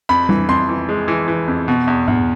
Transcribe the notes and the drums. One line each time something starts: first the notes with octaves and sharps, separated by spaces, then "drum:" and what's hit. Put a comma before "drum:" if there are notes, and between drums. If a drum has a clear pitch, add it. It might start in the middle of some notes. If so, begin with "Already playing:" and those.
F2 B5
E3, drum: tom G3
F2 C6
E3
G#3
E3
E3
F2
B2
E2
E2, drum: tom G#2